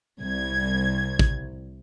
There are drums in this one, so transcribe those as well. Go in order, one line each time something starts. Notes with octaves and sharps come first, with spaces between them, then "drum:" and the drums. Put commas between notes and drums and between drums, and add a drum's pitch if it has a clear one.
C2 G#6
drum: kick